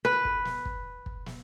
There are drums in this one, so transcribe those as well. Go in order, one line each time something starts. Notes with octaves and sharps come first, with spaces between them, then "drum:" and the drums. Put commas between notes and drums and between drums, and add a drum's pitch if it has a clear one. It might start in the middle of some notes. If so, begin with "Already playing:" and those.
B4
drum: kick
drum: snare
drum: kick
drum: kick
drum: snare